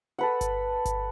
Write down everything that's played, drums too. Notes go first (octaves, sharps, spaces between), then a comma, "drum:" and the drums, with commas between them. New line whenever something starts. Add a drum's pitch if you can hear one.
A4 B4 F#5
drum: kick G1, hi-hat
drum: kick G1, hi-hat